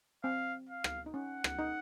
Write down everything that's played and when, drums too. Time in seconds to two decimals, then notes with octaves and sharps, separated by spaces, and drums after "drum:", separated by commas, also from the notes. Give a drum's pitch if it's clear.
0.24 C4 F5
0.69 F5
0.84 drum: rim click
1.06 D#4
1.14 C#4 F#5
1.44 drum: rim click
1.59 D#4